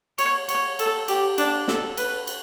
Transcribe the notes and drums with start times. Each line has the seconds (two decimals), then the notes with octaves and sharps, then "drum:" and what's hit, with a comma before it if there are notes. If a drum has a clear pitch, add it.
0.18 C#5, drum: cymbal
0.49 C#5, drum: cymbal
0.79 A4, drum: cymbal
1.08 G4, drum: cymbal
1.38 D4, drum: cymbal
1.68 A4, drum: snare
1.97 B4, drum: cymbal
2.27 drum: cymbal